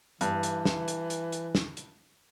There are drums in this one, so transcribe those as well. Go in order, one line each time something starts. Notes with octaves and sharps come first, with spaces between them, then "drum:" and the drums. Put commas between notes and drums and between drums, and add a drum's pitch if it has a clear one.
G2 E3, drum: hi-hat
drum: hi-hat
drum: snare
drum: hi-hat
drum: hi-hat
drum: hi-hat
drum: snare
drum: hi-hat